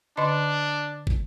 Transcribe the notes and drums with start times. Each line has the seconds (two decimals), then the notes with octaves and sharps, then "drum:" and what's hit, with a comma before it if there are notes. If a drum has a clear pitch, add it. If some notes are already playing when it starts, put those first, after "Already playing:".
0.17 D3 D4 D#5 C6
1.07 drum: kick